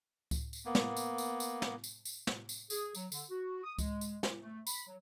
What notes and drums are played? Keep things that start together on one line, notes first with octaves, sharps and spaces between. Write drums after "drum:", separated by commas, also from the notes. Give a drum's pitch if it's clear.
drum: kick C#2, tambourine
drum: tambourine
A#3 B3
drum: snare
drum: tambourine
drum: tambourine
drum: tambourine
drum: snare
drum: tambourine
drum: tambourine
drum: snare
drum: tambourine
G#4, drum: tambourine
F#3, drum: tambourine
D3, drum: tambourine
F#4
D#6
G#3, drum: kick C#2, tambourine
drum: tambourine
drum: snare
A3
B5, drum: tambourine
F#3